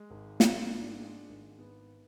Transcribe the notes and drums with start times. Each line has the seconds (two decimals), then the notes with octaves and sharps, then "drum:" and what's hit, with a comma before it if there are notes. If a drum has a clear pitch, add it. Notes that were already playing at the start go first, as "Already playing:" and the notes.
Already playing: G#3
0.10 G#1
0.40 G#2, drum: snare
0.69 D4
0.99 G#3
1.29 G#1
1.59 B3